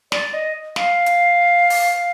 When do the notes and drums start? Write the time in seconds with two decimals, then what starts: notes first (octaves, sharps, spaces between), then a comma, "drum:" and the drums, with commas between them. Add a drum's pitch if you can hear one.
0.12 D5, drum: snare
0.33 D#5
0.76 F5, drum: snare
1.06 drum: hi-hat
1.70 drum: open hi-hat